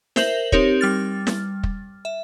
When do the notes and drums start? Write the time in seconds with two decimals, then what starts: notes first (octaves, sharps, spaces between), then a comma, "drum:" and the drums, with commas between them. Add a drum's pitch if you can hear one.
0.16 A#4 C5 E5 G6 F#7, drum: snare
0.52 C4 D#4 G4 A#4 C#5, drum: kick
0.81 G3 F6 A6
1.27 drum: snare
1.63 drum: kick
2.05 E5